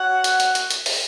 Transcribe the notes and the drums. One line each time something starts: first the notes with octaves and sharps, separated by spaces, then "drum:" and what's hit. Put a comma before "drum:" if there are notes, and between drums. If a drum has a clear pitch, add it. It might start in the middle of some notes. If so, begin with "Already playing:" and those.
Already playing: F#4 C#5 F#5
drum: hi-hat
drum: hi-hat
drum: hi-hat
drum: hi-hat
drum: open hi-hat